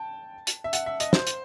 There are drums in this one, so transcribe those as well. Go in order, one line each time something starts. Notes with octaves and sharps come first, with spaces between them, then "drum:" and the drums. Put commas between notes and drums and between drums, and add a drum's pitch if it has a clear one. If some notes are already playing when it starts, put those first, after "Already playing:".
Already playing: G5 A5
drum: hi-hat
E5
F#5, drum: hi-hat
E5
D#5, drum: hi-hat
C5, drum: snare
drum: hi-hat